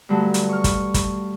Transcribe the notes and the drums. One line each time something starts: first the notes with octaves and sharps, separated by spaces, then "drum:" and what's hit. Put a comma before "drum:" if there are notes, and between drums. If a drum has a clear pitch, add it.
G2 D3 F#3 A3
drum: hi-hat
C#6 F6
drum: kick, hi-hat
drum: kick, hi-hat